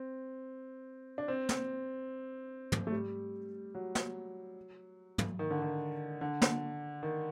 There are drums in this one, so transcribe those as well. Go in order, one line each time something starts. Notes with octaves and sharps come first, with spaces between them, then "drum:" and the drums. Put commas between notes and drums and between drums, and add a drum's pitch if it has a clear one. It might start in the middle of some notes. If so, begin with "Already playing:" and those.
Already playing: C4
D4
C4
drum: snare
drum: tom
A3
G3
F#3
drum: snare
drum: tom
D#3
D3
D#3
D3
drum: snare
D#3